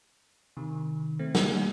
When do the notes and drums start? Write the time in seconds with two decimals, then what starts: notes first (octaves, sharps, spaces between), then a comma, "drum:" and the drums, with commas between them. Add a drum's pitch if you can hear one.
0.57 C3 D#3
1.19 A3 C4
1.35 G3 A#3, drum: snare
1.50 G3 A#3